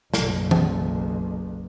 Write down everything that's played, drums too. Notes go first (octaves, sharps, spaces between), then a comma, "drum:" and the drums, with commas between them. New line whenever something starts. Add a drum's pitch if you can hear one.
F#1 B1, drum: snare
drum: tom E3